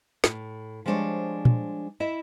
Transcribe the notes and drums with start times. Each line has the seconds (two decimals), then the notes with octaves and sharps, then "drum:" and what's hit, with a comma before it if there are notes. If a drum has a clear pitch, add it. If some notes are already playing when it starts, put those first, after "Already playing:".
0.24 A2, drum: snare
0.86 F3 G3 G#3 D4 C5 C#5
1.45 drum: tom A#2
2.00 E4 D#5 E5